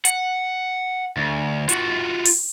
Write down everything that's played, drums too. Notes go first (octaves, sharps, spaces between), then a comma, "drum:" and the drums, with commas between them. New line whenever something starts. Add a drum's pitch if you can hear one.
F#5, drum: hi-hat
D2
F4 F#4, drum: hi-hat
drum: open hi-hat